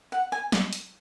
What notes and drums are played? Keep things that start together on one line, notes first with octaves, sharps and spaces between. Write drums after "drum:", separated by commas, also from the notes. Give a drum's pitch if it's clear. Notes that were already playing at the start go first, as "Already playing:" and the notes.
F#5
G#5
drum: snare
drum: hi-hat